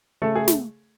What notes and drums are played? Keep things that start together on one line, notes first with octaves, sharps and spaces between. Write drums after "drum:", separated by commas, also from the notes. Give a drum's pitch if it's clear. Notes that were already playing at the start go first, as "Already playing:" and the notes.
C#3 A3 A4
G#4
drum: snare